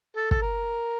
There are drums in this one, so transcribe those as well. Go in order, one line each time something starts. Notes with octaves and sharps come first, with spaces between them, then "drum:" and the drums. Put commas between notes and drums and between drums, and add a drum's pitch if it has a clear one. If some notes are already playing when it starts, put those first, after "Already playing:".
A4
A4, drum: kick
A#4